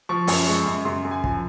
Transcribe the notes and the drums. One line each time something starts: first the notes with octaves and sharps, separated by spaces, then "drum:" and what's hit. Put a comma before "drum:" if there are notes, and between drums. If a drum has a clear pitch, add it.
F3 C#6
F#2, drum: open hi-hat
G#3 C#6
F#2
F#2 C6
F#2
G#5
F3, drum: kick